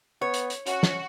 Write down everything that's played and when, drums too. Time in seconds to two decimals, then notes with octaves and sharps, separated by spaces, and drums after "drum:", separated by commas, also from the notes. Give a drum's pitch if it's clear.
0.22 B3 C#5
0.34 drum: hi-hat
0.50 drum: hi-hat
0.67 C#4 F#4, drum: hi-hat
0.83 drum: snare